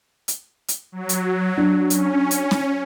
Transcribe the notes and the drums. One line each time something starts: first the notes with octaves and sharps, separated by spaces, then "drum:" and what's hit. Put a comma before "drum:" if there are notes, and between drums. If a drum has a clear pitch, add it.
drum: hi-hat
drum: hi-hat
F#3
drum: hi-hat
D4
C#4, drum: hi-hat
drum: hi-hat
drum: snare C#4